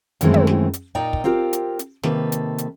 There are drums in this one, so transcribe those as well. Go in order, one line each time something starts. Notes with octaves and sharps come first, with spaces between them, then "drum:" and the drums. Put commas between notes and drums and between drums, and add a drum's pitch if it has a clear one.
F#2 D#3 E3 G#3 A3 C4, drum: hi-hat
drum: tom
drum: snare
drum: hi-hat
A#2 D#4 D5 D#5 G5 A#5
drum: kick
C4 F4 G4 A#4
drum: hi-hat
drum: hi-hat
C3 D#3 A#3 A4 B4, drum: snare
drum: hi-hat
drum: hi-hat